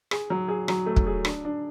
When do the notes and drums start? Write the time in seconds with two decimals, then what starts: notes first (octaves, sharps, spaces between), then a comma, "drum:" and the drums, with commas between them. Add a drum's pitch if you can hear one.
0.11 G#4, drum: rim click
0.30 F#3
0.48 G#4
0.68 F#3, drum: rim click
0.86 A3
0.96 drum: kick
1.07 G#4
1.25 D4, drum: rim click
1.45 D4